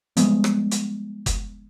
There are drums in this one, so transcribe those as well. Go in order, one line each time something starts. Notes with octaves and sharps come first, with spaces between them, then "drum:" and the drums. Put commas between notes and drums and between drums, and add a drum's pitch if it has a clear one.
F3 G3 G#3 B3, drum: hi-hat
drum: rim click
drum: hi-hat
drum: kick F#1, hi-hat